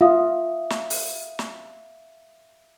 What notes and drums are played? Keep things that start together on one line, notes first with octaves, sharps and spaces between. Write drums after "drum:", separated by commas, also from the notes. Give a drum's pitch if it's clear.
F4 E5 F5 D#6
drum: snare
drum: open hi-hat
drum: snare